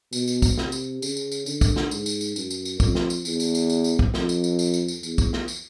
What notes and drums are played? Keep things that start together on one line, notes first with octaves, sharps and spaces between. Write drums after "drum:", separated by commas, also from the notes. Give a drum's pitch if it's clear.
B2, drum: tambourine
drum: tambourine
drum: kick, tambourine
C3, drum: snare
drum: tambourine
C#3, drum: tambourine
drum: tambourine
drum: tambourine
D3, drum: tambourine
drum: kick, tambourine
drum: snare
G#2, drum: tambourine
drum: tambourine
drum: tambourine
F#2, drum: tambourine
drum: tambourine
drum: tambourine
F2, drum: kick, tambourine
drum: snare
drum: tambourine
E2, drum: tambourine
drum: tambourine
drum: tambourine
drum: tambourine
drum: tambourine
drum: kick
F2, drum: snare
drum: tambourine
drum: tambourine
drum: tambourine
drum: tambourine
drum: tambourine
E2, drum: tambourine
drum: kick, tambourine
drum: snare
drum: tambourine